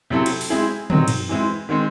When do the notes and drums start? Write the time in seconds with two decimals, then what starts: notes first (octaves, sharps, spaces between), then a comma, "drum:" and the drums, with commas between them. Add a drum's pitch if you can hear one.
0.10 C3 F#3 C4 E4 A4
0.26 drum: cymbal
0.41 drum: open hi-hat
0.50 G#3 C4 E4 G#4
0.90 F#3 C4 D#4, drum: tom
1.08 drum: cymbal
1.29 E3 G#3 C4 E4
1.69 D#3 G#3 C4